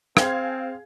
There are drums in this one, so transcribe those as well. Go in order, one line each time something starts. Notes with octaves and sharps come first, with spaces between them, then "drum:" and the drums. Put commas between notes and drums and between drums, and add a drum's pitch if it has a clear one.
C4 G#4 F5 G#6, drum: rim click